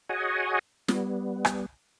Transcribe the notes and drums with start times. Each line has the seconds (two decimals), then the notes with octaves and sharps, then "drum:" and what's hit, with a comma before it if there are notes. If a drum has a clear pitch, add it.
0.09 F#4 G#4 C#5 D#5 F#5 G#5
0.88 G3 B3, drum: snare
1.45 drum: rim click